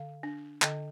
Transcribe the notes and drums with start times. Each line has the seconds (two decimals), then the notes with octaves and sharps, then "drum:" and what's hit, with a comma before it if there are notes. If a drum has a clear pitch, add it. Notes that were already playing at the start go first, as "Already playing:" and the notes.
Already playing: D3 F5
0.23 D4
0.62 D3 D#5 G5, drum: clap